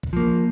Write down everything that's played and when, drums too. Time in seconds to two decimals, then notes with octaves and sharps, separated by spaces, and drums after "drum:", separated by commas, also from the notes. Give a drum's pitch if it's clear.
0.03 drum: kick
0.13 F3 A#3